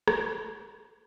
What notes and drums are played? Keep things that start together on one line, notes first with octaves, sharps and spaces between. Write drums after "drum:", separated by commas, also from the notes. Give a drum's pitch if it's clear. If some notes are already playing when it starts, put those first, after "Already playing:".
C4, drum: rim click